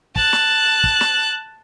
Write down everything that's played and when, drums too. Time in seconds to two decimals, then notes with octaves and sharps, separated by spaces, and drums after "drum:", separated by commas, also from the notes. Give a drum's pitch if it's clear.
0.16 A5 F#6, drum: kick
0.33 drum: snare
0.84 drum: kick
1.01 drum: snare